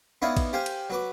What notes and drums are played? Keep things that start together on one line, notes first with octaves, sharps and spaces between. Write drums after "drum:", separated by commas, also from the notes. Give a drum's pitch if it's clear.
B3 D#4 E4 C#5 D5 F5
drum: kick A#1, cymbal
G4 C5 F5 G5 G#5
drum: cymbal
F#3 B4 D6